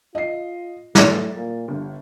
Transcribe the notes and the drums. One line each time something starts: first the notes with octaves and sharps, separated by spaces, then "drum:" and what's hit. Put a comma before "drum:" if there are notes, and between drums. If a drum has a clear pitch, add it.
F4 D#5 C7
A2 A6, drum: snare
A#2
G1 G2